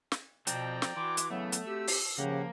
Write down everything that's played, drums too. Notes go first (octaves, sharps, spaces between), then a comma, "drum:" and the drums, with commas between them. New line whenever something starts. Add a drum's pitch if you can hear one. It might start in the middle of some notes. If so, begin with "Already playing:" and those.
drum: snare
B2 F3 C4 D5 G5 A#5, drum: hi-hat
drum: snare
E3 F#4 C6 D6
drum: hi-hat
C#3 E3 F#3 A3 B3 E4
drum: hi-hat
C4 F#4 G4 E6
drum: open hi-hat
C#3 F3 A#3 G4 F#5